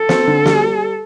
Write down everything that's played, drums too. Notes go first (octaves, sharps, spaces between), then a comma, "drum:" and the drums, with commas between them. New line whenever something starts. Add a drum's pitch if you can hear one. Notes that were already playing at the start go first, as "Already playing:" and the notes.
Already playing: A4
C4, drum: snare
D3
G3, drum: snare
G3